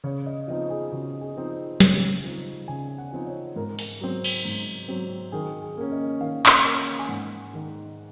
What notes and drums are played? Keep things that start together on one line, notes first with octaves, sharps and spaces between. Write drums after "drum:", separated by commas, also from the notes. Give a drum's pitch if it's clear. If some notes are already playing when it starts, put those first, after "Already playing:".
C#3 C#5
D#5
F3 C4 D#4 D#5
G#4
C#3 F#4
G#4
F3 C4 D#4
C#3 C#5, drum: snare
F3 C4 D#4
C#3 G#5
F#5
F3 C4 D#4
C#5
G#2 A#4
drum: open hi-hat
F#3 C4
drum: cymbal
G#2
F#3 C4
D#3 G#4
G#4
A#3 C#4
D#5
D#3 F5
drum: clap
A#3 C#4
G#5
G#2 F#5
D#3 G#3 D#4